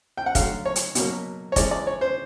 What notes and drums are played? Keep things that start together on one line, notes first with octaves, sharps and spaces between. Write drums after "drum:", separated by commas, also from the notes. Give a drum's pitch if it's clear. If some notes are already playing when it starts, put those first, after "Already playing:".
G5
F#5
D3 F#3 A3 F5, drum: kick, hi-hat
C#5
drum: hi-hat
B2 F#3 A#3, drum: hi-hat
C#5
E3 G#3 C#4 D5, drum: kick, hi-hat
D5
C#5
C5